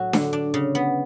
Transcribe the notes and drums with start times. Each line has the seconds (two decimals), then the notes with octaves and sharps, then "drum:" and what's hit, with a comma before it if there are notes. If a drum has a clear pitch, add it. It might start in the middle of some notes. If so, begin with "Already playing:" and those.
Already playing: A2 F#3 F#4
0.13 D3, drum: snare D4
0.33 D4
0.54 C#3
0.75 B3